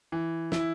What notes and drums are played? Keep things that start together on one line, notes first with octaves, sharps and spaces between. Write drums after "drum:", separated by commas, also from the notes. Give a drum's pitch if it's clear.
E3
E4, drum: snare